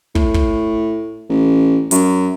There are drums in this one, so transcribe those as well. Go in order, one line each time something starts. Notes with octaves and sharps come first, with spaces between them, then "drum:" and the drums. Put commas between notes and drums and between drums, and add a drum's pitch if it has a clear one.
A2, drum: kick
drum: kick
A1
F#2, drum: hi-hat